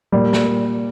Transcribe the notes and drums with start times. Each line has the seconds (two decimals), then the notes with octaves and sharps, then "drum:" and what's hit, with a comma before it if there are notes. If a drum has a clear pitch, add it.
0.12 A#2 G3
0.33 drum: snare